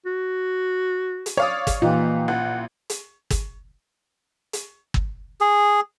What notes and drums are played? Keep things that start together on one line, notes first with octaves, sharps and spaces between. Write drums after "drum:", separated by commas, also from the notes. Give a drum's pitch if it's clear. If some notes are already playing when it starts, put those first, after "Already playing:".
F#4
drum: hi-hat
C#5 D5 F5 D#6
drum: kick G1, hi-hat
A#2 E3 D#4 F4 G4
A1 F#5
drum: hi-hat
drum: kick G1, hi-hat
drum: hi-hat
drum: kick G1
G#4